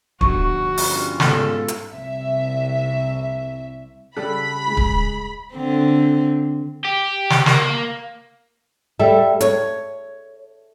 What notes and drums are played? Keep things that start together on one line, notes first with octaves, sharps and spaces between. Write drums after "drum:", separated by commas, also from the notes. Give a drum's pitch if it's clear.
G2 D3 F3 F#4 C#6, drum: kick
G3 C#4 F4, drum: open hi-hat
G#2 B2 A4, drum: snare
drum: hi-hat
C2 E5
C#3 G3 G4 A4 B5 F#6
G#3
drum: kick
D3 C4
G4
drum: snare
A#3, drum: snare
G3 A4 E5
C#5, drum: hi-hat